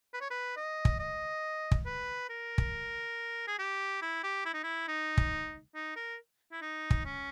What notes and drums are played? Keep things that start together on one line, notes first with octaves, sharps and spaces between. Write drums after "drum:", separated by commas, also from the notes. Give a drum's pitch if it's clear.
B4
C#5
B4
D#5
drum: kick
D#5
drum: kick
B4
A#4
drum: kick
G#4
G4
E4
G4
E4
D#4
E4
D#4
drum: kick
D#4
A#4
E4
D#4
drum: kick
C#4